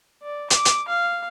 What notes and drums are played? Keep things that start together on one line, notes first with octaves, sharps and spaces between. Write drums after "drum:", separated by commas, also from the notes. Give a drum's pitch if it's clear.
D5
D6, drum: hi-hat
drum: hi-hat
F5